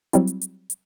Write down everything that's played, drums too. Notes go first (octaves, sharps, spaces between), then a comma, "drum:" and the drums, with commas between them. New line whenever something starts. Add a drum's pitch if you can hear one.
F#3 G3 C4 E4, drum: hi-hat
drum: hi-hat
drum: hi-hat
drum: hi-hat